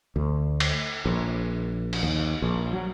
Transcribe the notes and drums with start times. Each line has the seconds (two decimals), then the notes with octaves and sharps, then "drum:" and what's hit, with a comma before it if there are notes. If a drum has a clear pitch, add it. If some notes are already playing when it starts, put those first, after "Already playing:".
0.16 D2
0.60 drum: cymbal
1.05 A#1
1.93 drum: cymbal
2.03 D#2
2.42 A#1
2.73 F#3